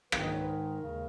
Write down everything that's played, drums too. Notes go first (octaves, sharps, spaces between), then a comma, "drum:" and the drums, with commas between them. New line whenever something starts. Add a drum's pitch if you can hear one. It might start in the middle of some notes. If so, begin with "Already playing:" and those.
G#2 D#3 G#3 B4, drum: rim click
D#5
C#5
B4
A#4
D#2 C#3 G#3